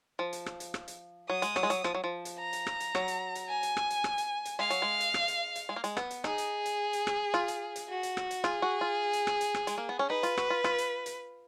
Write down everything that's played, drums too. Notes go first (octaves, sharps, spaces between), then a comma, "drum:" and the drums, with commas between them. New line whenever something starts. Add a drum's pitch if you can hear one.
F3
drum: hi-hat
drum: rim click
drum: hi-hat
drum: rim click
drum: hi-hat
F#3 D#6
G#3, drum: hi-hat
F#3, drum: rim click
G#3
F#3, drum: hi-hat
F3, drum: rim click
F#3
F3
drum: hi-hat
A#5
drum: hi-hat
drum: rim click
drum: hi-hat
F#3, drum: rim click
drum: hi-hat
drum: hi-hat
G#5
drum: hi-hat
drum: rim click
drum: hi-hat
drum: rim click
drum: hi-hat
drum: hi-hat
G#3 F5
F#3, drum: hi-hat
G#3
drum: hi-hat
drum: rim click
drum: hi-hat
drum: hi-hat
G#3
A#3
G#3, drum: hi-hat
B3, drum: rim click
drum: hi-hat
D#4 G#4, drum: rim click
drum: hi-hat
drum: hi-hat
drum: hi-hat
drum: rim click
F4, drum: rim click
drum: hi-hat
drum: hi-hat
F#4
drum: hi-hat
drum: rim click
drum: hi-hat
F4 G#4, drum: rim click
F#4
F4
drum: hi-hat
drum: rim click
drum: hi-hat
drum: rim click
G#3, drum: hi-hat
A#3
B3
C#4
D#4 B4
F4, drum: hi-hat
F#4, drum: rim click
F4
F4, drum: rim click
drum: hi-hat
drum: hi-hat